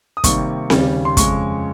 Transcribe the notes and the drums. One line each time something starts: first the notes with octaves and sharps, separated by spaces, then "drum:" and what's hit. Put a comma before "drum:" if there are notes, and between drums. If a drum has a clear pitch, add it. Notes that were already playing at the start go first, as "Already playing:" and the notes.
D#6
C3 D#3 G3 A#3 C#6, drum: kick, hi-hat
D#2 C#3 G3, drum: snare C4
C6
F2 C#3 G#3 C#6, drum: kick, hi-hat